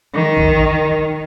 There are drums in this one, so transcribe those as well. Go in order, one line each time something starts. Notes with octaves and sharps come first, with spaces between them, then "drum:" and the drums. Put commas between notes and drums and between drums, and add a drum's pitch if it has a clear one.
D#3
drum: kick